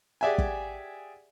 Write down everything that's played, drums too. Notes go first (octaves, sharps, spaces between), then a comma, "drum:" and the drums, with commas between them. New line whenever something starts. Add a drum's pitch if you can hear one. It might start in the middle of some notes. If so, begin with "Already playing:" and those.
G4 G#4 D5 E5 F#5 G#5
drum: kick